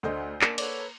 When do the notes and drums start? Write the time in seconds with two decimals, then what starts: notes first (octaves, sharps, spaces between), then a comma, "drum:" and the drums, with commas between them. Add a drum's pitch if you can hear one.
0.03 D2 A3 D4 C5 D#5
0.41 A#3 C#4 A4 D5, drum: clap
0.58 F#4 A4 B4 C#5 D5, drum: cymbal
0.80 A#4